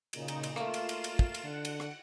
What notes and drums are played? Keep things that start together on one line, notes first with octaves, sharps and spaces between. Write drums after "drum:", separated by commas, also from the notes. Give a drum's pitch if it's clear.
A#2 C#3 D#4, drum: cymbal
drum: cymbal
drum: cymbal
A3 A#3 F4 E7, drum: rim click
drum: cymbal
drum: cymbal
drum: cymbal
drum: kick
drum: cymbal
D3 F#5
drum: cymbal
drum: rim click